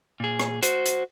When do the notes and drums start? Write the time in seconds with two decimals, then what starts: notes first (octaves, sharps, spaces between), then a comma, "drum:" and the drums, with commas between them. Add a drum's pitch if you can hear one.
0.20 A#2 G#4
0.40 drum: rim click
0.63 F#4 C5, drum: hi-hat
0.86 drum: hi-hat